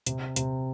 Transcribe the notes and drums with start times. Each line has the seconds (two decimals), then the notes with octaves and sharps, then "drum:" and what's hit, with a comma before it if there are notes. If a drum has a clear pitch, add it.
0.07 C3, drum: hi-hat
0.36 C3, drum: hi-hat